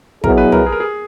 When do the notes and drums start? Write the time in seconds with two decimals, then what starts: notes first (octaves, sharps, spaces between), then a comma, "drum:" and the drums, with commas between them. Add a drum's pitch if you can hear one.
0.24 B2 F#3 B3 E4 G#4 A#4, drum: kick
0.38 B4
0.52 A#4, drum: tom
0.66 G#4
0.72 A#4
0.80 G#4